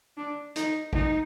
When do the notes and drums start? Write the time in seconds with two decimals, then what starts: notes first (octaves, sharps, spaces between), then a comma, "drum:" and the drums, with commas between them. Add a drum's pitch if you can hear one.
0.17 D4
0.56 D#4, drum: hi-hat
0.93 D#4, drum: kick